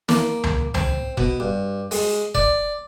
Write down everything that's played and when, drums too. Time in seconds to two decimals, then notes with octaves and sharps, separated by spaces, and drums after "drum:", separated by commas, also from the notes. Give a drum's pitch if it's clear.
0.09 A#3, drum: snare
0.44 drum: tom C#2
0.74 C4, drum: tom C#2
1.17 B2, drum: kick F1
1.40 G2
1.91 G#3, drum: open hi-hat
2.35 D5, drum: kick F1